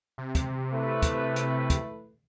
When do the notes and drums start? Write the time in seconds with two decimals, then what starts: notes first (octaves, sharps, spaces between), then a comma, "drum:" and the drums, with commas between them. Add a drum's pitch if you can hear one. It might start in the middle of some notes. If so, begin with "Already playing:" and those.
0.18 C3
0.35 drum: kick, hi-hat
0.72 A3 E4 B4
1.02 drum: kick, hi-hat
1.36 drum: hi-hat
1.70 drum: kick, hi-hat